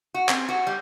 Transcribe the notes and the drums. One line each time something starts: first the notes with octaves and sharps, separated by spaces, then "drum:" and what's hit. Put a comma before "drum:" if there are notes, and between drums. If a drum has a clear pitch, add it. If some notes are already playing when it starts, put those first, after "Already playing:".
F#4
C4, drum: clap
F#4
G3